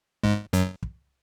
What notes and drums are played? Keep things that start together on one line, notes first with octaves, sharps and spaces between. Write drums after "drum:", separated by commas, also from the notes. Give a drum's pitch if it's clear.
G#2 G#3, drum: kick
F#2 F#3, drum: hi-hat
drum: kick